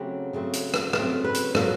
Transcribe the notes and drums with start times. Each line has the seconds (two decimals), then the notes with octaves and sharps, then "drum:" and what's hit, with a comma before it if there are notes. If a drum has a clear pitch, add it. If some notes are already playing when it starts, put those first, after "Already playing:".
Already playing: C#3 F#3 A3 C4 G4
0.33 C#3 F#3 A3 C4
0.53 drum: hi-hat
0.74 drum: rim click
0.93 C#3 F#3 A3 C4 A4, drum: rim click
1.24 B4
1.34 drum: hi-hat
1.55 A#2 F#3 A#3 A4, drum: rim click